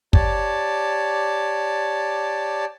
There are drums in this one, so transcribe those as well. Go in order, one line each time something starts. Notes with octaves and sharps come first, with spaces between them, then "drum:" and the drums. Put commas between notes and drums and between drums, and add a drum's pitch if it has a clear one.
G4 C#5 D5 A5, drum: kick